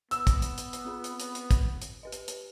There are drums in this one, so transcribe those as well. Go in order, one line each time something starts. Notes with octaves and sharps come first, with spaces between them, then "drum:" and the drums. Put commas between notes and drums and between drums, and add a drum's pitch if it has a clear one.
B3 E6, drum: hi-hat
drum: kick, hi-hat
drum: hi-hat
drum: hi-hat
drum: hi-hat
C4 F4 G#4
drum: hi-hat
drum: hi-hat
drum: hi-hat
drum: kick, hi-hat
drum: hi-hat
G4 B4 D#5
drum: hi-hat
drum: hi-hat